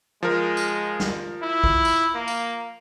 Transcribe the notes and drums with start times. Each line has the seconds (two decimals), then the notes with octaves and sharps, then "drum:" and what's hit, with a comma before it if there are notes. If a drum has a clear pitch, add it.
0.23 F3 G#3 A#4
0.57 drum: tambourine
1.00 drum: snare
1.42 E4
1.64 drum: kick A#1
1.85 drum: tambourine
2.15 A#3
2.28 drum: tambourine